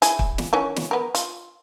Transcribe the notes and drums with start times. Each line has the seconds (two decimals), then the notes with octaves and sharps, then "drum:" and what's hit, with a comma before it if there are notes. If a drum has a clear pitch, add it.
0.02 E4 G#4, drum: hi-hat
0.19 drum: kick
0.38 drum: snare
0.53 D#3 E3 C#4
0.76 drum: snare
0.91 B3 A#4
1.15 F4, drum: hi-hat